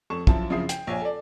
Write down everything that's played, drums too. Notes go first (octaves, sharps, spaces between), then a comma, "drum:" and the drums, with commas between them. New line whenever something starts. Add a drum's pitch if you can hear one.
F2 A4 C#6 E7
F#2 F3 E4 A5, drum: kick
F#2 C#3 F3 E4 D#6 C7
G5, drum: hi-hat
A#1 C#5 G#5
A4 D5